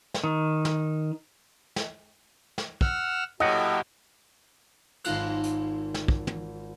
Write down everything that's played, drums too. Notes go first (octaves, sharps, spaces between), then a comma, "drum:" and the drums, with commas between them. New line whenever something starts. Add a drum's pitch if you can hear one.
drum: snare
D#3
drum: snare
drum: snare
drum: snare
F#5 E6 F6, drum: kick
A2 F#3 A#3 G4 D#5 F#5
G#1 D#4 F4 F#6, drum: cymbal
drum: hi-hat
drum: snare
drum: kick
drum: tom